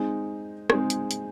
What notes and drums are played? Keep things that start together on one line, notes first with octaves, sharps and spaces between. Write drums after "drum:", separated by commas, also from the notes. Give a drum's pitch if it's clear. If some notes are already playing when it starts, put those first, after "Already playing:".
Already playing: G#3 C4 D#4 G#4
G#3 C4 D#4 G#4, drum: rim click
drum: hi-hat
drum: hi-hat